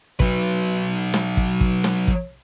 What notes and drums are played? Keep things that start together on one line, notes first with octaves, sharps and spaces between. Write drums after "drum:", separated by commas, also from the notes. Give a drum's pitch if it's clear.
F#3 B4, drum: kick
drum: snare
drum: kick
drum: kick
drum: snare
drum: kick